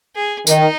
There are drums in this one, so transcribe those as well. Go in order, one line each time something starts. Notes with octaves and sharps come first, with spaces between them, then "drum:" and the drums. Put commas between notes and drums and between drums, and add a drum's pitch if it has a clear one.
G#4
D#3 D#4, drum: tambourine